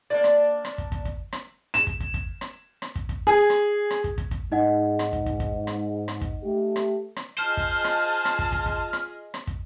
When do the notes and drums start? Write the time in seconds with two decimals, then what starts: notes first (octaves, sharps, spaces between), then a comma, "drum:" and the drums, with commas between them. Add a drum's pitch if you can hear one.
0.10 A#3 D4 D5
0.24 drum: rim click
0.65 drum: rim click
0.78 drum: kick
0.92 drum: kick
1.05 drum: kick
1.32 drum: rim click
1.74 E7, drum: rim click
1.87 drum: kick
2.00 drum: kick
2.14 drum: kick
2.41 drum: rim click
2.82 drum: rim click
2.95 drum: kick
3.09 drum: kick
3.27 G#4
3.50 drum: rim click
3.91 drum: rim click
4.04 drum: kick
4.18 drum: kick
4.31 drum: kick
4.52 G#2 D#4 D#5 F#5
4.99 drum: rim click
5.13 drum: kick
5.26 drum: kick
5.40 drum: kick
5.67 drum: rim click
6.08 drum: rim click
6.21 drum: kick
6.43 A3 G4
6.76 drum: rim click
7.16 drum: rim click
7.38 F4 G#4 C5 D#5 A5 F6
7.57 drum: kick
7.84 drum: rim click
8.25 drum: rim click
8.39 drum: kick
8.52 drum: kick
8.66 drum: kick
8.93 drum: rim click
9.34 drum: rim click
9.47 drum: kick